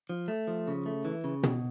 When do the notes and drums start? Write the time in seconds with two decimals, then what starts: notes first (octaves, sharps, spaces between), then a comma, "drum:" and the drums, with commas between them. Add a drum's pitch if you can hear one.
0.09 F3
0.28 A3
0.48 F3
0.67 C#3
0.86 A3
1.05 E3
1.24 C#3
1.43 B2, drum: tom